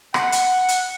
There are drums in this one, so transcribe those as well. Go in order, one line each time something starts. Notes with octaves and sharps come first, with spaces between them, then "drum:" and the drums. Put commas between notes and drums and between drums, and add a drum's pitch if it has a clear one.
F#5, drum: rim click
drum: hi-hat
drum: hi-hat